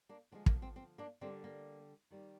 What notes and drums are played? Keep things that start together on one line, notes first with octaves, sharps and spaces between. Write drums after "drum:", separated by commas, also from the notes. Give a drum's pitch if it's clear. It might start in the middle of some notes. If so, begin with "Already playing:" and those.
A#3 D4
D3 F3 G#3 C4
A#3, drum: kick
C4
C4
A#3 D4
D3 G3 A#3 C4
A#3
D#3 G3 A#3